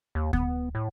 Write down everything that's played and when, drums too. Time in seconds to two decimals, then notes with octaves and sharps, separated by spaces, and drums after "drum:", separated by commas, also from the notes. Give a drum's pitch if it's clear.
0.15 D#2
0.33 B3, drum: kick D2
0.75 A2